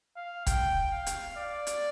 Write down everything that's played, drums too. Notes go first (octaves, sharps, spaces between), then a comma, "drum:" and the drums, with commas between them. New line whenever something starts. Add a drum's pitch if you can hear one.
F5
G5, drum: kick, hi-hat
F5
drum: hi-hat
D5
drum: hi-hat